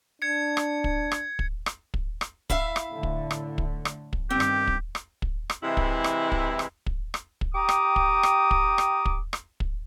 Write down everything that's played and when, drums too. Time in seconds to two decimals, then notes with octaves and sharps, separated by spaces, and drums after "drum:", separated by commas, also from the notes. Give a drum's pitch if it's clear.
0.22 D4 G#6 C#7
0.57 drum: rim click
0.84 drum: kick
1.12 drum: rim click
1.39 drum: kick
1.66 drum: rim click
1.94 drum: kick
2.21 drum: rim click
2.50 E4 E5 F5, drum: kick
2.76 drum: rim click
2.89 A2 D3 A3
3.03 drum: kick
3.31 drum: rim click
3.58 drum: kick
3.85 drum: rim click
4.13 drum: kick
4.30 G2 D#3 C4 G4
4.40 drum: rim click
4.67 drum: kick
4.95 drum: rim click
5.22 drum: kick
5.50 drum: rim click
5.63 C3 E3 G#3 E4
5.77 drum: kick
6.04 drum: rim click
6.32 drum: kick
6.59 drum: rim click
6.86 drum: kick
7.14 drum: rim click
7.41 drum: kick
7.55 G4 G5 A#5 D6 D#6
7.69 drum: rim click
7.96 drum: kick
8.23 drum: rim click
8.51 drum: kick
8.78 drum: rim click
9.05 drum: kick
9.33 drum: rim click
9.60 drum: kick